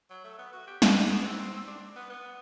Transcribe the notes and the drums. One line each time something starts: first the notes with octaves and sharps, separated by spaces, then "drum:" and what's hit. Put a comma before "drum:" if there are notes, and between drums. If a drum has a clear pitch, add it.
F#3
A3
B3
F#4
G4
F#4, drum: snare
D4
B3
C4
C4
C4
D4
B3
B3